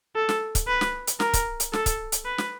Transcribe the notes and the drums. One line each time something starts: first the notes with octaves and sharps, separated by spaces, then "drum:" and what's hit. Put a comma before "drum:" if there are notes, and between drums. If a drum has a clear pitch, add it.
A4
drum: snare
drum: kick, hi-hat
B4
drum: snare
drum: hi-hat
A#4, drum: snare
drum: kick, hi-hat
drum: hi-hat
A4, drum: snare
drum: kick, hi-hat
drum: hi-hat
B4
drum: snare